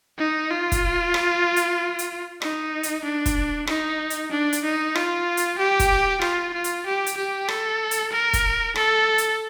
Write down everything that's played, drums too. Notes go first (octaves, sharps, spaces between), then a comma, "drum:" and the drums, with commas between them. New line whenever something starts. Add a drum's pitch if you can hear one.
D#4
F4
drum: kick, hi-hat
drum: rim click
drum: hi-hat
drum: hi-hat
D#4, drum: rim click
drum: hi-hat
D4
drum: kick, hi-hat
D#4, drum: rim click
drum: hi-hat
D4
drum: hi-hat
D#4
F4, drum: rim click
drum: hi-hat
G4
drum: kick, hi-hat
F4, drum: rim click
F4
drum: hi-hat
G4
drum: hi-hat
G4
A4, drum: rim click
drum: hi-hat
A#4
drum: kick, hi-hat
A4, drum: rim click
drum: hi-hat